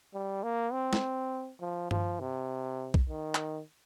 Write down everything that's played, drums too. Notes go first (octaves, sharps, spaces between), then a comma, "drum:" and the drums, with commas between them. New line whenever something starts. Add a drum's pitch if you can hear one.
G3
A#3
C4
drum: snare
F3
F3, drum: tom G2
C3
drum: kick
D#3
drum: clap